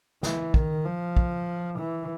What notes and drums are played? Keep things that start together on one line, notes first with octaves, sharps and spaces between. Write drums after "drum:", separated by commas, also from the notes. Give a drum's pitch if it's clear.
E3, drum: snare
D#3, drum: kick
F3
drum: kick
E3